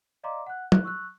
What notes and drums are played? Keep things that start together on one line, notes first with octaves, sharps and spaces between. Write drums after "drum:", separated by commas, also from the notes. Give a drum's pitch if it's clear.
D5 D#5 F5 A#5 C6 D6
F#5 F#6
F#6, drum: tom F#3
C#6 E6 F#6